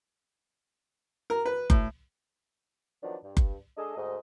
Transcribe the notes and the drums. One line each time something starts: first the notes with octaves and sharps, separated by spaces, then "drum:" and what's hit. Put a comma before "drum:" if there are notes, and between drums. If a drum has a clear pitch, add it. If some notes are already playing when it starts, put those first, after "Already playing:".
A#4
B4
A2, drum: kick F#1
D#3 F3 F#3 B3 D4
G2
drum: kick F#1
G#3 D4 G#4 A4 D#5
D2 G#2 D#5